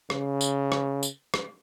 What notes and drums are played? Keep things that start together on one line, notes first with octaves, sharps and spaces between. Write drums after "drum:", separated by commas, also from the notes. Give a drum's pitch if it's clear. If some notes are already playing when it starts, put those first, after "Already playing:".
C#3, drum: rim click
drum: tambourine
drum: rim click
drum: tambourine
drum: rim click